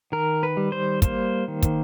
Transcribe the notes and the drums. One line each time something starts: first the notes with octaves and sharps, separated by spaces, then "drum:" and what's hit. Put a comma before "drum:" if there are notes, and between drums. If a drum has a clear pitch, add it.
D#3 A#4
B4
G3
C5
A#3 C5, drum: kick, hi-hat
D#3
drum: kick, hi-hat